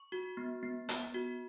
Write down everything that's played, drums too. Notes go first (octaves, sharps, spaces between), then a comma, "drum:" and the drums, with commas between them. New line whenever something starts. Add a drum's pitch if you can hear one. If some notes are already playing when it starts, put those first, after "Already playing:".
Already playing: C#6
F#4
B3
B3
B3, drum: hi-hat
F#4